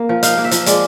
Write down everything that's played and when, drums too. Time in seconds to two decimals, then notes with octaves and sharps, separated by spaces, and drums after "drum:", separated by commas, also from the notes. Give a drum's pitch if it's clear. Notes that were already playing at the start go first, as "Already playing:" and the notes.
Already playing: A#3
0.09 F3
0.23 D#4 F5, drum: hi-hat
0.38 A#3
0.45 E5
0.51 F3, drum: hi-hat
0.66 G#3 D5, drum: hi-hat